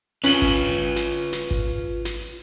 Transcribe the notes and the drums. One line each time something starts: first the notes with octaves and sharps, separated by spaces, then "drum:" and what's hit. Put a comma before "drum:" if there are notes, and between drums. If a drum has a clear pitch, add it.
C#4 F4 B4 F#7, drum: snare
drum: kick G#1
drum: snare
drum: snare
drum: kick G#1
drum: snare